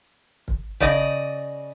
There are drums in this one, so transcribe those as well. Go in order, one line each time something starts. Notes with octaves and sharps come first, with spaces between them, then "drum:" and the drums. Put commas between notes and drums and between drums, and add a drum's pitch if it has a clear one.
drum: kick
C#3 D5 D#5, drum: kick